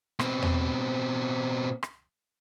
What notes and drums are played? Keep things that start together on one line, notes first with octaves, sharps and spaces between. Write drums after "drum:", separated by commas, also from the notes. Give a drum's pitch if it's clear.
B2 C4, drum: rim click
drum: tom E2
drum: rim click